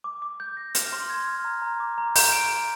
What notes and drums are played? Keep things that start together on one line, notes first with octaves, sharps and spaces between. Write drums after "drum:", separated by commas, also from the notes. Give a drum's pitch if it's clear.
D6
D6
G6
A#6
F6, drum: hi-hat
C6
G#6
F6
A#5
A#5
D6
A#5
G6, drum: open hi-hat
D7
G6